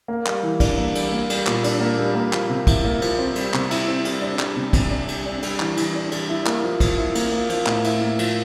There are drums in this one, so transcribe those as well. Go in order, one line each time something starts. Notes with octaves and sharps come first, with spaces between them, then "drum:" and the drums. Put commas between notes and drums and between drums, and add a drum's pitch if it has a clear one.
A#3
G3, drum: clap
E3
D4, drum: kick, cymbal
A#3
G3, drum: cymbal
A#3
G3, drum: cymbal
A#2, drum: clap
D4, drum: cymbal
A#3
G3
A#3
F3, drum: clap
C3
E4, drum: kick, cymbal
A#3
F3, drum: cymbal
C4
G3, drum: cymbal
C3, drum: clap
E4, drum: cymbal
C4
G3, drum: cymbal
D4
G3, drum: clap
C3
C3, drum: kick, cymbal
D4
G3, drum: cymbal
D4
G3, drum: cymbal
E3, drum: clap
E3, drum: cymbal
D4
G3, drum: cymbal
E4
A#3, drum: clap
F3
F3, drum: kick, cymbal
E4
A#3, drum: cymbal
A#3
F3, drum: cymbal
A2, drum: clap
E4, drum: cymbal
A#3
F3, drum: cymbal